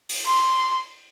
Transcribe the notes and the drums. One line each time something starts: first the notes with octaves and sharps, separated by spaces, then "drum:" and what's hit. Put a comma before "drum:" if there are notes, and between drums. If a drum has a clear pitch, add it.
drum: open hi-hat
C6